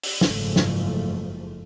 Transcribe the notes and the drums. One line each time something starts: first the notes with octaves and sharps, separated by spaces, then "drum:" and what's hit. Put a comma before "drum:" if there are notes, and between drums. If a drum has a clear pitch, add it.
drum: open hi-hat
F#1 G#2 F3 A3, drum: snare
drum: snare